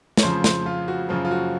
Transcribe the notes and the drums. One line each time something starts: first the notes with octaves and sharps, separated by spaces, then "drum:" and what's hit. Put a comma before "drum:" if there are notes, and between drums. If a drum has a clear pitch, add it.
C#5, drum: snare
F2 C#3 F3 C5
C5, drum: snare
F4
F#4
F#2 C#3 F3 F4
F4
F#4